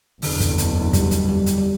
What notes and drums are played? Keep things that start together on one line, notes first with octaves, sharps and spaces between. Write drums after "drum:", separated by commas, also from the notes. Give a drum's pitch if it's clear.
F#1 E2 B2 D3, drum: open hi-hat
drum: kick, hi-hat
drum: hi-hat
G3, drum: kick, hi-hat
drum: hi-hat
G3
drum: hi-hat
G3